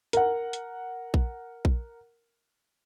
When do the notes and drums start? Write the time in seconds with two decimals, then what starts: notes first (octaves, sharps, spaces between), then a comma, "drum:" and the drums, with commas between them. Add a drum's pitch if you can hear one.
0.13 A#4 F#5, drum: hi-hat
0.53 drum: hi-hat
1.14 drum: kick A#1
1.65 drum: kick A#1